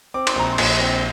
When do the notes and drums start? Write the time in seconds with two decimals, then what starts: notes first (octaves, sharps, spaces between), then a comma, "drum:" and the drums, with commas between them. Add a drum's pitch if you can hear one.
0.14 C4 D6
0.27 C6, drum: cymbal
0.36 A#1 A#5
0.53 C6
0.58 A#1, drum: cymbal
0.80 C4